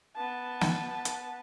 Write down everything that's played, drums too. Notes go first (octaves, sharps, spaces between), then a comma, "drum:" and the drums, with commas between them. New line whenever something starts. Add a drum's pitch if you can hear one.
B3 A5
drum: snare
drum: hi-hat